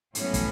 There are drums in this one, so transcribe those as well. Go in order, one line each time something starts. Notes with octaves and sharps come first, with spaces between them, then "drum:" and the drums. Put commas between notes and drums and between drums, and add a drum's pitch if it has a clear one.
A2 F#3 B3 C#4, drum: hi-hat
drum: kick, hi-hat